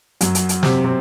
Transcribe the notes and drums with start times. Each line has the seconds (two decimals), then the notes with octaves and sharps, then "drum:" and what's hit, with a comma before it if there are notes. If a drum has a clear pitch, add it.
0.21 F#2 F#3, drum: hi-hat
0.35 drum: hi-hat
0.49 drum: hi-hat
0.63 C3 C4, drum: snare
0.84 C3 C4